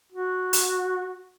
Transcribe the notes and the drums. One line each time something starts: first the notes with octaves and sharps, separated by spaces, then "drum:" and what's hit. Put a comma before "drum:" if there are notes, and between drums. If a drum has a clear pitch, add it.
F#4
drum: hi-hat